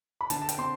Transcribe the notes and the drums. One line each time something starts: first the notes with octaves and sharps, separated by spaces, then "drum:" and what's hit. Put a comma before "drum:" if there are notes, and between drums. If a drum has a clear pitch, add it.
B5
D3 A5, drum: hi-hat
A5
G5, drum: hi-hat
C4 C6